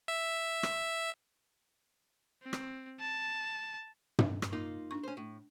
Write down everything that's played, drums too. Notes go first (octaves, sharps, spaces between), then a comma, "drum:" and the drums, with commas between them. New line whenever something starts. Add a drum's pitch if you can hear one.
E5
drum: rim click
C4
drum: rim click
A5
drum: tom
drum: rim click
A#3 D#4 F4
D4 C#6
C#4 C5
A2